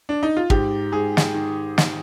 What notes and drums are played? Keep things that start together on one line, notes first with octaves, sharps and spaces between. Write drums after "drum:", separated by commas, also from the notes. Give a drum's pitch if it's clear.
D4
D#4
F4
G#2 G4, drum: kick
G#2 G#4
drum: snare
D#3
D#3, drum: snare